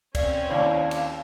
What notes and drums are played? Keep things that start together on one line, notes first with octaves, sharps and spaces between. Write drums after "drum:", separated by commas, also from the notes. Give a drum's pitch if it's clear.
C4 C#4 D5 F5, drum: kick, cymbal
D#2 D4 E4 C#5 D5 F5
drum: cymbal